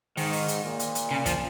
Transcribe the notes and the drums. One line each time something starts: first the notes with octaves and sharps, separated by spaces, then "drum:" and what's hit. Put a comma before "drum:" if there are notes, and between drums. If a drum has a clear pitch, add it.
G#2 D#3, drum: open hi-hat
drum: open hi-hat
drum: hi-hat
A#2
drum: hi-hat
drum: hi-hat
C#3
F3, drum: kick, hi-hat